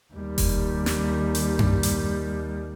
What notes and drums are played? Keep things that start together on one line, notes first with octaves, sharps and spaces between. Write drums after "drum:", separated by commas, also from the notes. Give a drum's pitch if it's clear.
D#2 G3
drum: kick F1, open hi-hat
drum: snare
drum: hi-hat
drum: tom F#2
drum: hi-hat